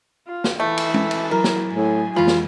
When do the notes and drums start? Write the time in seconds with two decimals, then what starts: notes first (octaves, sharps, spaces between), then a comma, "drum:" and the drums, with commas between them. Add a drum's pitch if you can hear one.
0.28 F4
0.44 drum: snare
0.60 E3 A3
0.78 drum: cymbal
0.94 drum: tom
1.11 drum: cymbal
1.31 F#3 E4 A#4
1.44 drum: snare
1.73 A2 G#5
2.16 F2 C#3 E3 G#3 F4 B5
2.27 drum: snare